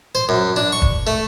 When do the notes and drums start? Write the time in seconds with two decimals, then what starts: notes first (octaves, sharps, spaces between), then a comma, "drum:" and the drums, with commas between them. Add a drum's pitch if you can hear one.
0.15 C5
0.29 F#2
0.56 D4
0.72 C#6
0.82 drum: kick
1.07 A3